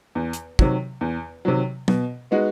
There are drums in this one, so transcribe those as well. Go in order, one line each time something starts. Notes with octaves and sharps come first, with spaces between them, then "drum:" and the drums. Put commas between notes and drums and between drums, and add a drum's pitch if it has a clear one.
E2
drum: hi-hat
C3 D#3 F#3, drum: kick
E2
C3 D#3 F#3
B2, drum: tom
G#3 B3 D#4 F#4